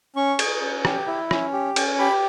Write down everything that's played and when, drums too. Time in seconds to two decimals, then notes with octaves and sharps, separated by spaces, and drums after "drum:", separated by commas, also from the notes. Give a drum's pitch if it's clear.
0.16 C#4 C#6
0.39 G#4, drum: cymbal
0.61 C#4
0.85 G4, drum: rim click
1.07 E4
1.31 C#4, drum: rim click
1.53 G4
1.76 C#4, drum: cymbal
1.99 G4 B5